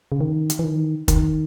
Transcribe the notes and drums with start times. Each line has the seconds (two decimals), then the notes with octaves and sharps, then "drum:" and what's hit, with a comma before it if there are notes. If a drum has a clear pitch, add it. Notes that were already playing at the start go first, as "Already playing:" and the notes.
0.12 C#3
0.21 D#3
0.50 drum: hi-hat
0.59 E3
0.64 D#3
1.08 D#3, drum: kick, hi-hat